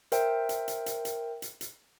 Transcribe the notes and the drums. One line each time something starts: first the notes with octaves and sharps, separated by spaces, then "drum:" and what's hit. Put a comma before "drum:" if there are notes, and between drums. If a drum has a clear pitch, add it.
A#4 C5 E5 G5, drum: hi-hat
drum: hi-hat
drum: hi-hat
drum: hi-hat
drum: hi-hat
drum: hi-hat
drum: hi-hat